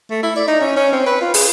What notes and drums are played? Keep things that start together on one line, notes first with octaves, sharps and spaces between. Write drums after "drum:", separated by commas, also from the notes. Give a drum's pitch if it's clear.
A3
E4
D5
D#4
C#4
C#4
C4
B4
F4
G#4, drum: open hi-hat